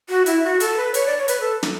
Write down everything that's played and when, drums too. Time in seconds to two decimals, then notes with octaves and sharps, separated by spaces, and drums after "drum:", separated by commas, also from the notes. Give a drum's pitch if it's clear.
0.09 F#4
0.26 E4, drum: hi-hat
0.43 F#4
0.60 A4, drum: hi-hat
0.77 B4
0.94 C#5, drum: hi-hat
1.06 D5
1.18 C#5
1.28 B4, drum: hi-hat
1.40 A4
1.63 drum: snare